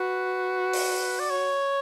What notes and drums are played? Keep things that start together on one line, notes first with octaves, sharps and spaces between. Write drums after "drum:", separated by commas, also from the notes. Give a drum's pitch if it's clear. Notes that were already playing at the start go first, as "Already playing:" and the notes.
Already playing: F#4 B4
drum: open hi-hat
D5
C#5